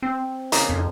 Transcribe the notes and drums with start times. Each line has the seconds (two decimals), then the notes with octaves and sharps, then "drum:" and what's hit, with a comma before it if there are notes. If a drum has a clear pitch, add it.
0.03 C4
0.52 C#3 A#3 D#4, drum: hi-hat
0.69 F2